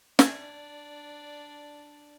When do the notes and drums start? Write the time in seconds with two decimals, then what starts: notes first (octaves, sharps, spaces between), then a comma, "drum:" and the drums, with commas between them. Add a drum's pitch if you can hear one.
0.19 D4 D5 G#5, drum: snare